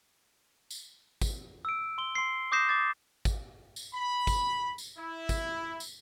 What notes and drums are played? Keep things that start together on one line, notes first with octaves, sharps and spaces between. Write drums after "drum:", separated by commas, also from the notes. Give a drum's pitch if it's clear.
drum: tambourine
drum: kick, tambourine
E6 D7
C6 G7
C6 C7
D6 D#6 G6 A#6 C7 E7
D6 A6
drum: kick, tambourine
drum: tambourine
B5
drum: kick, tambourine
drum: tambourine
E4
drum: kick, tambourine
drum: tambourine